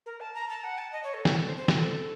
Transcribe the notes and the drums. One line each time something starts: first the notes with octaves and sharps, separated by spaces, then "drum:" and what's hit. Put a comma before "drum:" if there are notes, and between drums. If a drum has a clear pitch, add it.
A#4
A5
A#5
A5
F#5
A5
D#5
C#5
A4
F#4, drum: snare
A4
C5
C5
A4, drum: snare